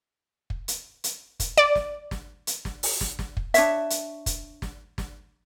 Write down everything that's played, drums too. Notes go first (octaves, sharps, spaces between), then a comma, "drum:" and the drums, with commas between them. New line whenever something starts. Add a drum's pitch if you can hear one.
drum: kick
drum: hi-hat
drum: hi-hat
drum: kick, hi-hat
D5
drum: snare
drum: snare
drum: hi-hat
drum: snare
drum: open hi-hat
drum: snare
drum: snare
drum: kick
D4 C#5 E5, drum: hi-hat
drum: hi-hat
drum: kick, hi-hat
drum: snare
drum: snare